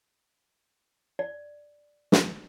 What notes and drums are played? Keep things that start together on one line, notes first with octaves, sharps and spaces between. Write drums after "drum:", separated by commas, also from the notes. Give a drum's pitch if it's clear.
D5
drum: snare